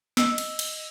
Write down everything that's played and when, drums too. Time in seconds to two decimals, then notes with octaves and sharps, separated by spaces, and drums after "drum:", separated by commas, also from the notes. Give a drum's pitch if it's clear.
0.17 D#5 E6, drum: snare
0.38 drum: cymbal
0.59 drum: cymbal